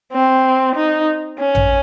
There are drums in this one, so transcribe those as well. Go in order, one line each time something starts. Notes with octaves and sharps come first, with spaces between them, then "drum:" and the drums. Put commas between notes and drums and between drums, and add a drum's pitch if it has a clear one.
C4
D#4
C#4
drum: tom A1